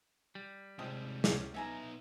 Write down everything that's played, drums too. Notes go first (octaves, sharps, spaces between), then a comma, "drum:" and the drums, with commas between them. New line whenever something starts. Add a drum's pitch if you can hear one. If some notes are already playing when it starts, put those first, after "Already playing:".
G3
G#1 C3 F3 G#3 G5 D#6
C#4 F4 G4, drum: snare
B3 D#4 E5 G#5 A#5